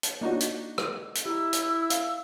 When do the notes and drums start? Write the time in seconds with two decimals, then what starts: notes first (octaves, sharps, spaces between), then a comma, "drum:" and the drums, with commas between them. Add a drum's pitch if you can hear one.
0.03 drum: hi-hat
0.21 A#3 D4 D#4 F#4 C#5
0.41 drum: hi-hat
0.78 drum: rim click
1.15 drum: hi-hat
1.26 E4 G4 A#5 E6
1.53 drum: hi-hat
1.90 F5, drum: hi-hat